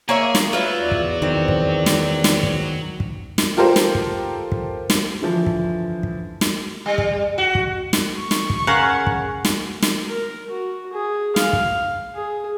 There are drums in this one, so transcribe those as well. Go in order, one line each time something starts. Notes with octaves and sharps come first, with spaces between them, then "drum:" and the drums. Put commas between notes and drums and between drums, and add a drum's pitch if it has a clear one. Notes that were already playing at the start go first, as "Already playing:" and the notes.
A#3 G#4 C#5 E5
drum: snare
F#3 F4 B4 C#5 E5
E2 D5
drum: kick
D#3 C4
drum: kick
drum: snare
drum: snare
drum: kick
drum: kick
drum: snare
F4 G4 A4 A#4 C5
drum: snare
drum: kick
drum: kick
drum: snare
D3 E3 F3
drum: kick
drum: kick
drum: snare
G3
drum: kick
F#4
drum: kick
drum: snare
C#6
drum: snare
drum: kick
C#3 A#4 F#5
drum: kick
drum: snare
drum: snare
A#4
F#4
G#4
F5, drum: snare
drum: kick
G#4